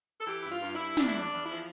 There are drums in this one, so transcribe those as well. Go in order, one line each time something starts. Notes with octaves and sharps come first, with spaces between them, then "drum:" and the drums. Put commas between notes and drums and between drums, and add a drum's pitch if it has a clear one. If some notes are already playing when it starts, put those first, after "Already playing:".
A4
E3 G4
G2 E4
F4
G2
E4
G2
E2 D4, drum: snare
E4
E2
D4
E2
F3 E4